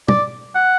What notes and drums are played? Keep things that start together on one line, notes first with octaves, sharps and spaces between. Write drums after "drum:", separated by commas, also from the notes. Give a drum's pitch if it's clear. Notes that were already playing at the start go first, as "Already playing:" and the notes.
D5, drum: tom
F#5